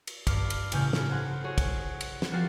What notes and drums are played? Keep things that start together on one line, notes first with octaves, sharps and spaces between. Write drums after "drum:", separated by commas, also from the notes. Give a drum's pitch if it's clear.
drum: cymbal
G2 D6 F6 C7, drum: kick, cymbal
drum: cymbal
A1 C#3 G#5 F6 G6, drum: cymbal
drum: snare
G#4 C5 F#5 G#5
F#4 G#4 C#5
drum: kick, cymbal
drum: cymbal
drum: snare
F3 F#4 G4 A#4 A6 C7